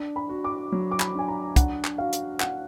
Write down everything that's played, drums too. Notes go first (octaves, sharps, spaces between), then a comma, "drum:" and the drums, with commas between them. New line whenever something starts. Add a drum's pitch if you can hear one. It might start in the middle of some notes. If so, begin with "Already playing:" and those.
Already playing: D4
B5
F#4
D6
F#3
D6
B5, drum: clap
D4 G#5
A#5
D4 F#5, drum: kick, hi-hat
drum: clap
F#4 F5
drum: hi-hat
D4 F#5, drum: clap